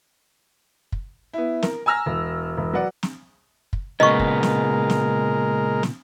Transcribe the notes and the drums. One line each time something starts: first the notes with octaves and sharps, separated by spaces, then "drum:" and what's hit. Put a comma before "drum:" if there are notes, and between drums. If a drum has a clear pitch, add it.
drum: kick
B3 E4
A#4, drum: snare
G#5 A#5 E6 F6 A#6
E1
E1
F#3 B4 D5 F#5
drum: snare
drum: kick
A#2 C#3 G#3 B3 A#4 D#5 C#6
drum: kick
drum: snare
drum: snare
drum: snare